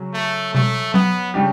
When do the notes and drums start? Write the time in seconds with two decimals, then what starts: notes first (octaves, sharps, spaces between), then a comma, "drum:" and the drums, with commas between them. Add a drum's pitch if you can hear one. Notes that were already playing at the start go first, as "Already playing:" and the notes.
Already playing: C#3 F#3 C#4 F#4
0.14 A3
0.55 A3, drum: tom B2
0.94 B3, drum: tom F#3
1.34 C#3 G3 D4 G4